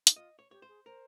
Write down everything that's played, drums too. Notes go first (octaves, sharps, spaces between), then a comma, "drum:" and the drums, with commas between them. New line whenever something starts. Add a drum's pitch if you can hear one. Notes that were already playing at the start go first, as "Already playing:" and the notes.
D#4, drum: hi-hat
F4 D#5
C#5
G4 C#5
C5
G#4
A#4 C5